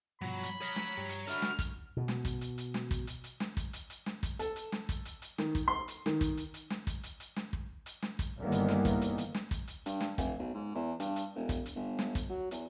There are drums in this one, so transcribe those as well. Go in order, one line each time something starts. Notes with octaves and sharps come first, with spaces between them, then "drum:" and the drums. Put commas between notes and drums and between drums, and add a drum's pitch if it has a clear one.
G2 B2 F3 F#3 B5
drum: hi-hat
C#5 A#5 D#6 F6 B6, drum: hi-hat
drum: snare
G2 G4
drum: hi-hat
D4 F#4 A4 E5 B5 F6, drum: hi-hat
drum: snare
drum: kick, hi-hat
B2
drum: snare
drum: kick, hi-hat
drum: hi-hat
drum: hi-hat
drum: snare
drum: kick, hi-hat
drum: hi-hat
drum: hi-hat
drum: snare
drum: kick, hi-hat
drum: hi-hat
drum: hi-hat
drum: snare
drum: kick, hi-hat
A4, drum: hi-hat
drum: hi-hat
drum: snare
drum: kick, hi-hat
drum: hi-hat
drum: hi-hat
D#3, drum: snare
drum: kick, hi-hat
C6
drum: hi-hat
D#3, drum: snare
drum: kick, hi-hat
drum: hi-hat
drum: hi-hat
drum: snare
drum: kick, hi-hat
drum: hi-hat
drum: hi-hat
drum: snare
drum: kick
drum: hi-hat
drum: snare
drum: kick, hi-hat
G1 G2 D#3 E3 A#3 B3
drum: hi-hat
drum: snare
drum: kick, hi-hat
drum: hi-hat
drum: hi-hat
drum: snare
drum: kick, hi-hat
drum: hi-hat
G2, drum: hi-hat
drum: snare
F1, drum: kick, hi-hat
B1
G#2
E2
G2, drum: hi-hat
drum: hi-hat
E1
drum: kick, hi-hat
drum: hi-hat
G1
drum: snare
drum: kick, hi-hat
F#3
E2, drum: hi-hat